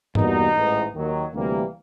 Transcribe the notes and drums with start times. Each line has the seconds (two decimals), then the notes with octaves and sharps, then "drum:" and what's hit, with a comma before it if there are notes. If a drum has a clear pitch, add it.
0.15 E2 B2 G3 A#3 D#4, drum: tom G2
0.55 A1 G#2 E3
0.94 D#2 D#3 F#3
1.33 D2 C3 E3 G3 A#3